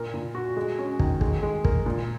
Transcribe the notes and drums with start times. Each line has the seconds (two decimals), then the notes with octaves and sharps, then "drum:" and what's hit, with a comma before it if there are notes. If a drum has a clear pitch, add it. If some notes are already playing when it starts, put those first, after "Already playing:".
Already playing: A#2 A#4
0.14 A#2
0.35 F#4
0.57 G#3
0.79 C#4
0.99 D#3, drum: kick
1.21 G#3, drum: kick
1.43 G#3
1.65 A#4, drum: kick
1.86 A#2